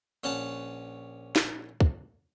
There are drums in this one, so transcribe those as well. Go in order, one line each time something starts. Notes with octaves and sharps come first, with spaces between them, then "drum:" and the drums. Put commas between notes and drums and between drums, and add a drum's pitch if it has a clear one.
A#1 C#4 F#5 A5
drum: snare
drum: kick